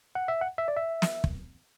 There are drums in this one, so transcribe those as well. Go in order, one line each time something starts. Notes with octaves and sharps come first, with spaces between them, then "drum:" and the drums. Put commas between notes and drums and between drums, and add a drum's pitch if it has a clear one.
F#5
E5
F#5
E5
D5
E5
drum: snare
drum: kick